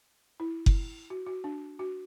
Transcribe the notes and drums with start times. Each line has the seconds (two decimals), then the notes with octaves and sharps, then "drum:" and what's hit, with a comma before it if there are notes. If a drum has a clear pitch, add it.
0.40 E4
0.66 drum: kick F#1
1.10 F#4
1.27 F#4
1.44 D4
1.79 F#4